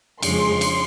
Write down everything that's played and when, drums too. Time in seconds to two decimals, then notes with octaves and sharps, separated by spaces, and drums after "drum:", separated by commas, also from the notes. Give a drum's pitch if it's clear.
0.23 F2 C#3 F3 G#3 C6, drum: cymbal
0.61 drum: cymbal